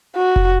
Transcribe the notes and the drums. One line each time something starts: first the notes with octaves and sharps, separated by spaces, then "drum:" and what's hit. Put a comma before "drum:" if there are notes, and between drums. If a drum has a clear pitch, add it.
F#4
drum: kick F1